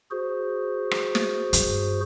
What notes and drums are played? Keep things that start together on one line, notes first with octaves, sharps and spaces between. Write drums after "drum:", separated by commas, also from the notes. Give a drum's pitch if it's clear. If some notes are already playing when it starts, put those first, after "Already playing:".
F#4 G#4 C5
drum: rim click
drum: snare
G2, drum: hi-hat